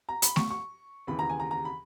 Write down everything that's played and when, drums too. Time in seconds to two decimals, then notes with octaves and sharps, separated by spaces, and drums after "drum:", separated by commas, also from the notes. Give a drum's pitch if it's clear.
0.09 A#5
0.22 B5, drum: hi-hat
0.36 C#6, drum: snare A3
0.50 C#6
1.07 D#2 C#3 E3 B5
1.19 A#5
1.30 G#5
1.40 A#5
1.51 A#5
1.65 B5